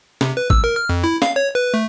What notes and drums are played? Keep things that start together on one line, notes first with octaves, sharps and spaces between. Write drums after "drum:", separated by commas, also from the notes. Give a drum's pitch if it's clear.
C3, drum: snare
B4
E6, drum: kick A1
A#4
F6
F2
E4
F5, drum: snare
C#5
B4
A3